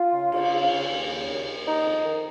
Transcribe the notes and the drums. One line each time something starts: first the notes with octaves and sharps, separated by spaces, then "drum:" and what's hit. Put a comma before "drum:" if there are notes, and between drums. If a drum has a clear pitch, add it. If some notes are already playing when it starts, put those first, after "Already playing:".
Already playing: F4
C#3
C#3, drum: cymbal
C#3
C#3
D#2
C#3
D#2
D#2
D#3 D#4
F2
D#3